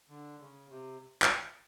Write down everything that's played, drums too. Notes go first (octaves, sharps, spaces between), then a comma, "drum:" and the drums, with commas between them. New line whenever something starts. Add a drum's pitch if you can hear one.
D3
C#3
C3
drum: clap